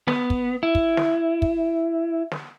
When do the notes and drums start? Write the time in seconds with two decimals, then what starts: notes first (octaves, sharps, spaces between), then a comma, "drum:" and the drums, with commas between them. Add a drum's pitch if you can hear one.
0.08 B3, drum: snare
0.30 drum: kick
0.63 E4
0.75 drum: kick
0.97 drum: snare
1.42 drum: kick
2.32 drum: snare